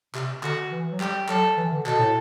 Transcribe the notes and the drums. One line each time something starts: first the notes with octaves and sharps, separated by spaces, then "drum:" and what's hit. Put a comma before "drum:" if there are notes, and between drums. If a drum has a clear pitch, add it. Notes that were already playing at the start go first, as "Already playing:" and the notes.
C3, drum: clap
D3 F#4, drum: clap
E3
F#3
G3 G4, drum: clap
F#3 A4, drum: clap
E3
D3
B2 A4, drum: clap
A2